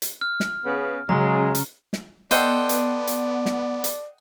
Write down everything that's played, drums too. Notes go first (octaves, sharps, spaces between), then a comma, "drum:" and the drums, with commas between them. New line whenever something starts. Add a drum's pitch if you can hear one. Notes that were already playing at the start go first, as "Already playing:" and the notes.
drum: hi-hat
F6
drum: snare
C#3 B3
C#3 F#3 G#3 A#5
drum: hi-hat
drum: snare
B3 A4 C5 D5 D#5 F#5 G5, drum: hi-hat
drum: hi-hat
drum: hi-hat
drum: snare
drum: hi-hat